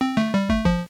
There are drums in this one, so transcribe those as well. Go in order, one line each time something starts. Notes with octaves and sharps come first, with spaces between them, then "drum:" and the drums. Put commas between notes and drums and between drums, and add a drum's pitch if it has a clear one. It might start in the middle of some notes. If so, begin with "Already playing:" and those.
C4
A3, drum: snare
G3
A3, drum: kick
F3, drum: kick